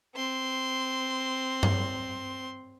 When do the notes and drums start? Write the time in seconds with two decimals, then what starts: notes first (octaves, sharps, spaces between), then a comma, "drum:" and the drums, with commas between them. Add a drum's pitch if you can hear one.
0.16 C4 C6
1.63 drum: tom G2